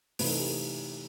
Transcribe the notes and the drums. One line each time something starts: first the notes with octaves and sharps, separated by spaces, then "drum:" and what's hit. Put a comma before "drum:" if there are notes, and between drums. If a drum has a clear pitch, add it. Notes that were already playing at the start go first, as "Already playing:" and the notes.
C3 E3 A3 D#4 B4, drum: open hi-hat
A4
G4
A4